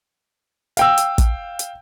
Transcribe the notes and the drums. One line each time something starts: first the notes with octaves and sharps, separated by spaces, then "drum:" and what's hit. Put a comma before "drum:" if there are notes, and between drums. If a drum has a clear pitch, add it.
F5 G5 E6, drum: hi-hat
drum: hi-hat
drum: kick, hi-hat
drum: hi-hat